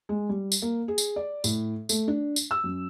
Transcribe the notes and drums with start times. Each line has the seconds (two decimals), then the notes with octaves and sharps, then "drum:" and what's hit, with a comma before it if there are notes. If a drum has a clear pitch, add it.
0.09 G#3
0.29 G3
0.52 drum: tambourine
0.62 A#3
0.88 G#4
0.98 drum: tambourine
1.16 D5
1.44 A2, drum: tambourine
1.89 A3, drum: tambourine
2.08 D4
2.36 drum: tambourine
2.51 E6
2.64 F#2